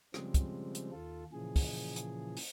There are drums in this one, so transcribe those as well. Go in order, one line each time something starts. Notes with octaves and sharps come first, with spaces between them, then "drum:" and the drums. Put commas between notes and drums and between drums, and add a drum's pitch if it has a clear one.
C#3 F3 G3 G#3 C4, drum: rim click
drum: kick, hi-hat
drum: hi-hat
D#2 F4 A4
A#2 C#3 E3 F3 G#4
drum: kick, open hi-hat
drum: hi-hat
drum: open hi-hat